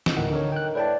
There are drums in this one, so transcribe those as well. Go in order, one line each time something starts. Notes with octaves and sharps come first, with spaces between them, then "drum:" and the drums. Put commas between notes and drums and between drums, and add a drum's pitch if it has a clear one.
drum: snare
D2 A2 D#3 F#5
D3 A#4 C#5
G5 F#6
A2 B4 D5 G5 A5